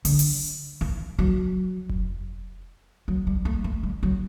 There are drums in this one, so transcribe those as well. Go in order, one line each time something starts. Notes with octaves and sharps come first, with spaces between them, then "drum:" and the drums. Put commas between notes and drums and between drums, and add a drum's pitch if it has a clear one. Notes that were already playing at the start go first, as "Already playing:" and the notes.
D3, drum: open hi-hat
drum: open hi-hat
E3
F#3
drum: kick F1
F#3
G3
A3
A3
G3
F#3